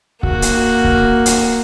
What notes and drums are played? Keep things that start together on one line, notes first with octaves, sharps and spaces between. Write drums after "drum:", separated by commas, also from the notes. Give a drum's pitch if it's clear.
A#3 F#4, drum: kick C#1
drum: hi-hat
drum: kick C#1
drum: hi-hat